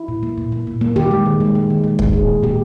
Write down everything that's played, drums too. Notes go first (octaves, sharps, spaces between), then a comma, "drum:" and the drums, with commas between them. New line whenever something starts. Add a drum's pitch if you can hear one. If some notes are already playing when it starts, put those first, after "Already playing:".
Already playing: E4
A#2
A#3
A#2
A#3
A#2
A#3
D#3 G4
G#3
D#3
G#3
G#3
D#3
G#3
G#3, drum: kick
A#2 G#4
A#2
A#2 G4